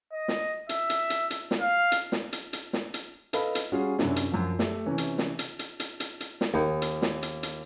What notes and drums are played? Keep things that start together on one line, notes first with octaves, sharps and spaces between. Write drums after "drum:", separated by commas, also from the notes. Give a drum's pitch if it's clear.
D#5
drum: snare
E5, drum: hi-hat
drum: hi-hat
drum: hi-hat
drum: hi-hat
drum: snare
F5
drum: hi-hat
drum: snare
drum: hi-hat
drum: hi-hat
drum: snare
drum: hi-hat
A4 B4 D#5 F5 B5, drum: hi-hat
drum: hi-hat
G3 C#4 F4 F#4 G#4
F#2 C3 C#4 D4 E4, drum: snare
drum: hi-hat
F#2 F3
A3 G4, drum: snare
C3 E3 C#4
drum: hi-hat
drum: snare
drum: hi-hat
drum: hi-hat
drum: hi-hat
drum: hi-hat
drum: hi-hat
drum: snare
D#2
drum: hi-hat
drum: snare
drum: hi-hat
drum: hi-hat